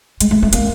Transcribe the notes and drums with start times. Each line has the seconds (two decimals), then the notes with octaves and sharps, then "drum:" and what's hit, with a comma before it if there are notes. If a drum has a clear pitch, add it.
0.21 G#3, drum: hi-hat
0.31 A3
0.43 A3
0.53 A#3, drum: hi-hat